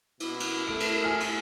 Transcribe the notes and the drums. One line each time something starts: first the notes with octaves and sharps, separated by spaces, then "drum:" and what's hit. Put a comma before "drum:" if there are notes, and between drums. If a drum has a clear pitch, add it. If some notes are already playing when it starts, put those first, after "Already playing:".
B2 E4, drum: cymbal
drum: cymbal
A3 D7
drum: cymbal
G#5 F6
drum: cymbal